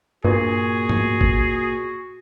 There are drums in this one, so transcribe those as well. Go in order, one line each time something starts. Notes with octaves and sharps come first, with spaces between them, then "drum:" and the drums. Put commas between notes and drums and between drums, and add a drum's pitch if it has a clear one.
G2 A#2 F#4 G#4
drum: tom G#2
drum: kick